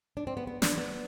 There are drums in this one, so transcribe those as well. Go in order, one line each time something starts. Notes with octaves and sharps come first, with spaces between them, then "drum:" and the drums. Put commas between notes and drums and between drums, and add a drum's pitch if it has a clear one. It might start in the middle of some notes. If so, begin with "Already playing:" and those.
D4
C4
B3
B3
D4, drum: snare
B3